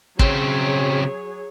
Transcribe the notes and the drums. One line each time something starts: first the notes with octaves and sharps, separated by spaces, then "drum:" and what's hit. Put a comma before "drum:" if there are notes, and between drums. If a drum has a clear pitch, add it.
C#3 F#3 C4 G#4 C#5, drum: kick